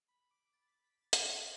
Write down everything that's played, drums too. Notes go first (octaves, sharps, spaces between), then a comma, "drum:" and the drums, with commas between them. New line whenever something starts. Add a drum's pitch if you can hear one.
B5
D6
A6
B6
B6
A6
A6, drum: hi-hat
E6